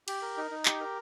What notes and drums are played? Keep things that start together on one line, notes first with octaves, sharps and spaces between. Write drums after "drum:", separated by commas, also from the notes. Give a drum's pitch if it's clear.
G4, drum: cymbal
A#4
D#4
D#4
G4, drum: clap
A#4